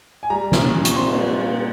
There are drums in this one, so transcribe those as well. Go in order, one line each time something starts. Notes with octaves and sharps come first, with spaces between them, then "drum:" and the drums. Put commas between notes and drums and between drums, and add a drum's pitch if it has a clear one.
G#5
G3 A#5
A#2, drum: snare
A#2
C#6, drum: hi-hat
C4 C6
drum: cymbal
G3
A#2